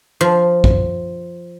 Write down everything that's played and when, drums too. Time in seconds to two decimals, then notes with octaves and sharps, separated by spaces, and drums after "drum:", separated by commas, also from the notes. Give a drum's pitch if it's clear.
0.21 F3
0.64 drum: kick